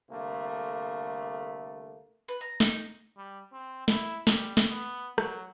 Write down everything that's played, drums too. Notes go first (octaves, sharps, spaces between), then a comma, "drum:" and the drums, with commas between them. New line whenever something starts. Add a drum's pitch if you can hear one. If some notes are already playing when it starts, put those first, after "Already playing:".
C2 D3 A3 A#3
B4
A#5
D#4, drum: snare
G3
C4
E4, drum: snare
G3, drum: snare
drum: snare
B3
F#3, drum: rim click